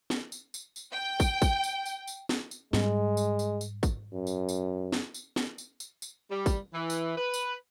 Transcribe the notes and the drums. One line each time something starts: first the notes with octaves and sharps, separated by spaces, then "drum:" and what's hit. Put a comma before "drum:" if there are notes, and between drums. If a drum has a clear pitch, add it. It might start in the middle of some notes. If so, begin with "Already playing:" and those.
drum: snare
drum: tambourine
drum: tambourine
drum: tambourine
G5
drum: kick, tambourine
drum: kick, tambourine
drum: tambourine
drum: tambourine
drum: tambourine
drum: snare
drum: tambourine
G#2 G3 G#3, drum: snare
drum: tambourine
drum: tambourine
drum: tambourine
drum: kick, tambourine
F#2
drum: tambourine
drum: tambourine
drum: snare
drum: tambourine
drum: snare
drum: tambourine
drum: tambourine
drum: tambourine
G3
drum: kick, tambourine
E3
drum: tambourine
B4
drum: tambourine